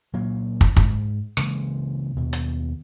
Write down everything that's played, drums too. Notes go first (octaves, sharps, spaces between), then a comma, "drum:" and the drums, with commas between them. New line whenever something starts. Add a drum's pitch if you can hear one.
A#2 F#3 A#3
drum: kick
G#2, drum: kick
C#3 E3 G#3 A#3, drum: rim click
D#2 B2
drum: hi-hat